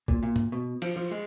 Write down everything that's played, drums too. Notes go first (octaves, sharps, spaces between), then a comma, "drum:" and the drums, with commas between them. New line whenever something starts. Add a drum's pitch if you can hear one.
A#2, drum: kick
A#2
drum: tom
B2
F3, drum: cymbal
F3
G#3